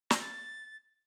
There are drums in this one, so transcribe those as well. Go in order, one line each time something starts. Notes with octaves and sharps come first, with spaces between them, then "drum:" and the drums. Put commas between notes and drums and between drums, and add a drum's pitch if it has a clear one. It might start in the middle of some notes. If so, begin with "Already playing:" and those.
A#6, drum: snare
A6